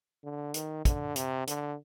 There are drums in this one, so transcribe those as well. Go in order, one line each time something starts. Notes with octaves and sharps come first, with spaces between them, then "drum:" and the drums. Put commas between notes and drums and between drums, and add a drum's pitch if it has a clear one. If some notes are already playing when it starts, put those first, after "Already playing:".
D3
D#3, drum: hi-hat
D3, drum: kick, hi-hat
C3, drum: hi-hat
D3, drum: hi-hat